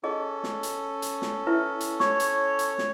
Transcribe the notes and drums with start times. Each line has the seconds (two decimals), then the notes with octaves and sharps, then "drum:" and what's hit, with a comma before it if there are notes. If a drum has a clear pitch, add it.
0.04 C#4 G#4 A4 D#5
0.44 drum: snare
0.63 drum: hi-hat
1.02 drum: hi-hat
1.22 drum: snare
1.47 E4 B4 E5
1.80 drum: hi-hat
2.00 C#5 C#6, drum: snare
2.20 drum: hi-hat
2.59 drum: hi-hat
2.78 drum: snare